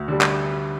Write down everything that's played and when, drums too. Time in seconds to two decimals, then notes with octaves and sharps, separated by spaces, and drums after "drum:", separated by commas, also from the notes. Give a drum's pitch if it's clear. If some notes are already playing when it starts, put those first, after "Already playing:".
Already playing: D2 F#4
0.08 D3 G3
0.21 drum: clap